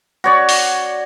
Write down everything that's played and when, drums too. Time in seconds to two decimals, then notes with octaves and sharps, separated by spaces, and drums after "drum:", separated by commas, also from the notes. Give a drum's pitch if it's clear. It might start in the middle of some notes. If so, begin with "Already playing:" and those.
0.24 F#4 C#5 D5
0.49 drum: open hi-hat